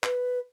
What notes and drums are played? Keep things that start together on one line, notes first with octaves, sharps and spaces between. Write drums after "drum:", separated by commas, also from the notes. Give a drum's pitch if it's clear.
B4, drum: clap